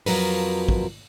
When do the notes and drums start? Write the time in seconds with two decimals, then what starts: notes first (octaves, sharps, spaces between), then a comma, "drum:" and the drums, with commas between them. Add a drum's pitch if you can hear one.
0.06 F2 F3 F#3 A#4 B4, drum: open hi-hat
0.69 drum: kick